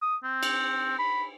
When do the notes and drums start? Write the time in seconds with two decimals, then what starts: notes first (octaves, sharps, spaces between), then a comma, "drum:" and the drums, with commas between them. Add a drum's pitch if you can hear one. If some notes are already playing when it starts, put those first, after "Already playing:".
0.02 D#6
0.24 C4
0.43 drum: cymbal
0.99 B5